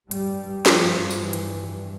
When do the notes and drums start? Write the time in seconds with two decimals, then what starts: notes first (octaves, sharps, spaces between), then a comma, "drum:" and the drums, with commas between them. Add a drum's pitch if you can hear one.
0.11 G2 G3, drum: hi-hat
0.66 F3, drum: snare
1.11 drum: tambourine
1.20 E3
1.33 drum: hi-hat